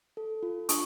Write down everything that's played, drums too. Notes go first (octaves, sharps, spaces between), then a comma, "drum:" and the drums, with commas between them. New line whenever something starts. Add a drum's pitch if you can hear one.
A4
F4
D4 C#6 D#6, drum: hi-hat